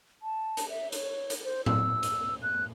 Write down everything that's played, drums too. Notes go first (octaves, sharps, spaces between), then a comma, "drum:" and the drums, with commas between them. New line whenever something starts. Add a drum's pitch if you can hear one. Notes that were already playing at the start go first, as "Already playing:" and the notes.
A5
drum: hi-hat
E5
C#5, drum: hi-hat
drum: hi-hat
C5
E6, drum: tom
drum: hi-hat
F#6